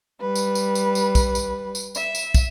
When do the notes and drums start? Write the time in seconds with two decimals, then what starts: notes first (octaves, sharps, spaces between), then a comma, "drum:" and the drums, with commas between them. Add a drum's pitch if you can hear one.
0.20 G3 B4
0.36 drum: tambourine
0.55 drum: tambourine
0.75 drum: tambourine
0.95 drum: tambourine
1.15 drum: kick, tambourine
1.35 drum: tambourine
1.75 drum: tambourine
1.95 E5, drum: tambourine
2.15 drum: tambourine
2.34 drum: kick, tambourine